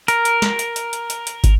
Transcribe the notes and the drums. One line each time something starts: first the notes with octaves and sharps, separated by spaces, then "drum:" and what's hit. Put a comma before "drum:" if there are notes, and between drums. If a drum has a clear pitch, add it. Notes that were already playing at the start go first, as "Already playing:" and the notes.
A#4, drum: hi-hat
drum: hi-hat
drum: snare
drum: hi-hat
drum: hi-hat
drum: hi-hat
drum: hi-hat
drum: hi-hat
drum: kick, hi-hat